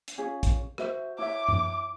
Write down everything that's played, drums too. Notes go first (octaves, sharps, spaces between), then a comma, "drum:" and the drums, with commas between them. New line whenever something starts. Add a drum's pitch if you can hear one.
drum: hi-hat
C#4 F4 G#4
drum: kick, hi-hat
F#4 C5 E5, drum: rim click
E4 C#5 E5 D6
drum: tom F#2